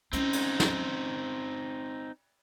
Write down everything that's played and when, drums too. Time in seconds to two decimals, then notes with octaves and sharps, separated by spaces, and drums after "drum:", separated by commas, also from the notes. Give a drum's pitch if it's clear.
0.13 C4 C#4 D#4 E4, drum: hi-hat
0.33 drum: cymbal
0.60 drum: snare